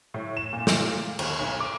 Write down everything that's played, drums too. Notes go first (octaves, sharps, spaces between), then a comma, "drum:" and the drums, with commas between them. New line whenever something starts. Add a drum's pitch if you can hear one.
A2
E7
A#2
drum: snare
D#2, drum: cymbal
B1
D6